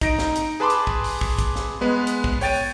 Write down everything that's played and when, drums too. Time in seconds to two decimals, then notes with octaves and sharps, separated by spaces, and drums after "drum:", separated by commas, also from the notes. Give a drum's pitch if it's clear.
0.01 D#4 A#6 D7, drum: kick, hi-hat
0.19 drum: snare
0.36 drum: hi-hat
0.60 G#4 B4 A5 B5 C6 D6
0.70 drum: hi-hat
0.87 drum: kick
1.04 drum: open hi-hat
1.21 drum: kick
1.38 drum: kick, hi-hat
1.56 drum: snare
1.81 G#3 B3 B4
2.07 drum: hi-hat
2.24 drum: kick
2.41 C#5 G5 A6 D#7, drum: open hi-hat